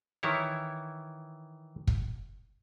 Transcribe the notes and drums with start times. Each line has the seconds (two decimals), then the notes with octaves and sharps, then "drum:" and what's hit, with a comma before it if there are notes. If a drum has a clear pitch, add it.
0.23 D#3 E3 E4 C#5
1.88 drum: kick